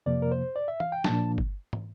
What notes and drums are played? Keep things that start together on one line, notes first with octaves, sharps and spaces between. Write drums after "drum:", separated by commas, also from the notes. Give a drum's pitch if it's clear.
F2 C3 F3 A#3 D5
A#4
C5
D5
E5
F5, drum: tom E3
G5
A#2 F3 A#3 D4 A5, drum: snare
drum: kick G1
drum: tom